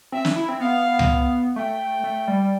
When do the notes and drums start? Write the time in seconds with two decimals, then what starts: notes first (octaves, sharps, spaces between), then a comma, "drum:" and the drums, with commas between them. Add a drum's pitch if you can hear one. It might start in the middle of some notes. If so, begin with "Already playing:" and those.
0.12 C4 E5
0.25 D4, drum: snare
0.36 E4
0.49 C4
0.60 B3 F5
0.99 drum: tom C#2
1.56 A3 G5
2.04 A3
2.28 G3